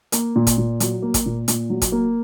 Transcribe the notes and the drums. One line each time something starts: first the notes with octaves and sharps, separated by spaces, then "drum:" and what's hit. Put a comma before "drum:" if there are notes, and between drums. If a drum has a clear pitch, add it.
A#3, drum: hi-hat
A#2
drum: kick, hi-hat
A#2
F#3, drum: hi-hat
A#3
drum: kick, hi-hat
A#2
A#2, drum: hi-hat
F#3
drum: kick, hi-hat
A#3